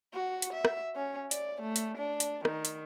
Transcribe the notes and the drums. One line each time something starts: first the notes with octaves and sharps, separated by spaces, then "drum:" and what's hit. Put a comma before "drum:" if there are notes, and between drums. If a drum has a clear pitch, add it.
F#4
drum: hi-hat
E5
drum: rim click
C#4
D5, drum: hi-hat
A3
drum: hi-hat
D4
drum: hi-hat
D#3, drum: rim click
drum: hi-hat